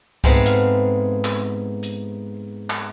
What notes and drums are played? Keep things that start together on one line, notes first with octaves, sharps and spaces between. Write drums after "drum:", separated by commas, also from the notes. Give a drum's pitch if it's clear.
G#2 G#3 A3 B3 C4, drum: kick C2
F5, drum: hi-hat
drum: clap
drum: hi-hat
drum: clap